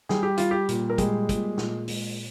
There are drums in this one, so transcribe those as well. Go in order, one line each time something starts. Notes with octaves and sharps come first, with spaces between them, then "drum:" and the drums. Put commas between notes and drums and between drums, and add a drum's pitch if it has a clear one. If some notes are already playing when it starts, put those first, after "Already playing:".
G3 G#4, drum: snare
G4
G3 F4, drum: hi-hat
G4
A#2, drum: hi-hat
A#4
G3 G#3 G#4, drum: kick, hi-hat
A#2, drum: kick, hi-hat
A#2, drum: snare
G#3, drum: open hi-hat